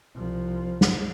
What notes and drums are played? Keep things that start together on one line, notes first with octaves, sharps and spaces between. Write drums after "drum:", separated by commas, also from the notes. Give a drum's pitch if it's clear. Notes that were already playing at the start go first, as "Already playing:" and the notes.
C2 F3
drum: snare